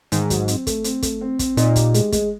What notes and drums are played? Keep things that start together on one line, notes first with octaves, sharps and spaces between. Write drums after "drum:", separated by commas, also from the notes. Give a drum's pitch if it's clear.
G#2 D#3, drum: hi-hat
F#3, drum: kick, hi-hat
C4, drum: hi-hat
A3, drum: kick, hi-hat
C4, drum: hi-hat
A3, drum: kick, hi-hat
C4
C4, drum: kick, hi-hat
A#2 D#4, drum: hi-hat
G4, drum: kick, hi-hat
G#3, drum: hi-hat
G#3, drum: kick, hi-hat